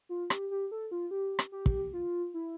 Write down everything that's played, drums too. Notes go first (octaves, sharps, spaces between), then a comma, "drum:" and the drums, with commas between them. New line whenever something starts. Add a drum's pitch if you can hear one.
F4
G4, drum: rim click
G4
A4
F4
G4
drum: rim click
G4
drum: kick
F4
E4